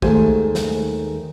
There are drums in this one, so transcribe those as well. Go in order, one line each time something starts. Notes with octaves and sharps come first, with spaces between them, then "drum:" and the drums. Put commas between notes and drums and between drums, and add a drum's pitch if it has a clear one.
D#2 D#3 G#3 A3 G#4 C5, drum: kick
drum: snare